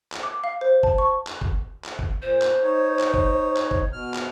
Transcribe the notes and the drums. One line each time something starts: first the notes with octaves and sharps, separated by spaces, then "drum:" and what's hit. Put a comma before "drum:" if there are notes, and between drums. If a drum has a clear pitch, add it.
drum: clap
D6
F5
C5
A5, drum: kick
C#6
drum: clap
drum: kick
drum: clap
drum: kick
A#2 C5
drum: clap
D#4 C#5
drum: clap
drum: kick
drum: clap
drum: kick
B2 F6
drum: clap